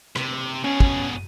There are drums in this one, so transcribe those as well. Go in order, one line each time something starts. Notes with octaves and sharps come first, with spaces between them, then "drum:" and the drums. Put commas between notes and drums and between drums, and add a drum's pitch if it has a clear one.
C3, drum: rim click
B2 C#4 G#4
drum: kick